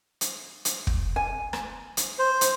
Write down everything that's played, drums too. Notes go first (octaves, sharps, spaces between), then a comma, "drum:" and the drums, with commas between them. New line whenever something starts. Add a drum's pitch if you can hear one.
drum: hi-hat
drum: hi-hat
drum: kick
G#5
drum: rim click
drum: hi-hat
C5
drum: hi-hat